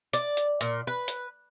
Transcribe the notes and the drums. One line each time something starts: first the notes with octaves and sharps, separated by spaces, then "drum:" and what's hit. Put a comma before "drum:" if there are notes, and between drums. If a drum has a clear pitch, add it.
D5, drum: hi-hat
drum: hi-hat
A#2, drum: hi-hat
B4
drum: hi-hat